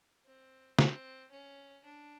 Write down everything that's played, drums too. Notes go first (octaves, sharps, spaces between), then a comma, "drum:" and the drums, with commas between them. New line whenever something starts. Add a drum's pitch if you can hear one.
C4
C4, drum: snare
C#4
D4